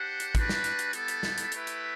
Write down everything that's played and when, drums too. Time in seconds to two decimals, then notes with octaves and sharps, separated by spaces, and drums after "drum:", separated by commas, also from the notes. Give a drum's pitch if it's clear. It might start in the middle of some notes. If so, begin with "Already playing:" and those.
Already playing: D4 G4 C5 F#5
0.20 drum: hi-hat
0.35 G3 D4 F#4 B4, drum: kick, hi-hat
0.49 drum: snare
0.64 drum: hi-hat
0.79 drum: hi-hat
0.93 G3 B3 E4 A4, drum: hi-hat
1.08 drum: hi-hat
1.23 drum: snare
1.38 drum: hi-hat
1.52 A3 E4 G4 B4 E5, drum: hi-hat
1.67 drum: hi-hat